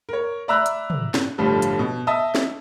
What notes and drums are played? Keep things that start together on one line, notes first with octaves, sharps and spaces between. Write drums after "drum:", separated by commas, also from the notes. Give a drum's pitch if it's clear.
A#4 C#5
D5 E5 A#5 B5 E6 F#6
drum: hi-hat
drum: tom
drum: snare
G1 A2 F3 G3
drum: hi-hat
B2
D#5 E5 A5 D#6
drum: snare